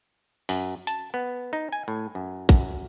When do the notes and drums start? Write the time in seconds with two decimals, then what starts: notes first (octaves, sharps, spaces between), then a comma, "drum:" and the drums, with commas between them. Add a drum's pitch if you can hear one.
0.49 F#2, drum: open hi-hat
0.87 A5, drum: hi-hat
1.14 B3
1.53 D#4
1.72 G#5
1.88 A2
2.15 F#2
2.49 F#2, drum: kick